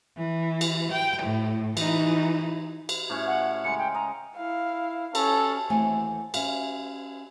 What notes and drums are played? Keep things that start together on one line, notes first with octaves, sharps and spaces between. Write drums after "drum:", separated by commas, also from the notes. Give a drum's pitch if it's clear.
E3
drum: cymbal
G5
A2
E3 D#4, drum: cymbal
drum: cymbal
A2 C#4 C#6
F#5
C#3 G#3 C#7
G5
D#5 A#5
E4 F5
C#4 A4, drum: cymbal
D#2 E3 A3 C4 F#5 G#5
C#4 E5 F5, drum: cymbal